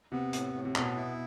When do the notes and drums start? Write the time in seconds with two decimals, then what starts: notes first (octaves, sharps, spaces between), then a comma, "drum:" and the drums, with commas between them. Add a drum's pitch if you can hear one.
0.12 C3 B3
0.33 A2, drum: hi-hat
0.54 A2
0.65 C3
0.75 B2 B3, drum: clap
0.96 E4